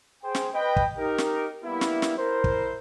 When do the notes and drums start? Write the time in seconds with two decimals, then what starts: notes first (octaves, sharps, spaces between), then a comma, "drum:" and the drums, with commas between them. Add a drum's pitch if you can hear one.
0.22 G#4 C5 G5
0.35 drum: snare
0.53 B4 D#5 G5
0.76 drum: kick
0.97 D#4 G4 A#4
1.18 drum: snare
1.64 G3 A#3 B3 E4
1.81 drum: snare
2.02 drum: snare
2.18 E4 A#4 C5
2.44 drum: kick